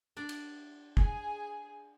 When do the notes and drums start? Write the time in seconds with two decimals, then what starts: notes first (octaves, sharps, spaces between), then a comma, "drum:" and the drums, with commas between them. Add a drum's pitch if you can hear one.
0.17 D4 D5
0.29 drum: cymbal
0.97 G#4 G#5, drum: kick